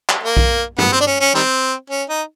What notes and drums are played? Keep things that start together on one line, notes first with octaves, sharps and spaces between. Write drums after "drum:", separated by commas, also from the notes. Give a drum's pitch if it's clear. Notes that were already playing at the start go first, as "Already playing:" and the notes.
drum: clap
A#3
drum: kick B1
B3, drum: tom
C4
D4
C#4
C#4
D#3 G3 C4
C#4
D#4